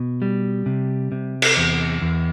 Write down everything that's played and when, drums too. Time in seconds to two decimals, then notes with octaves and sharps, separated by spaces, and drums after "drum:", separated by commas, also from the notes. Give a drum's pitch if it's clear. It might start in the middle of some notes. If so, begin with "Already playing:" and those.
Already playing: B2
0.22 G3
0.66 C3
1.12 C3
1.42 drum: cymbal
1.57 E2
2.02 E2